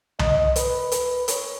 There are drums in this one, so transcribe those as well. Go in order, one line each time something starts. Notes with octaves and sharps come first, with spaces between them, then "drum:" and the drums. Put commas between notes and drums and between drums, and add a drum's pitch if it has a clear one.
D#5, drum: tom C2
B4, drum: hi-hat
drum: hi-hat
C#5, drum: hi-hat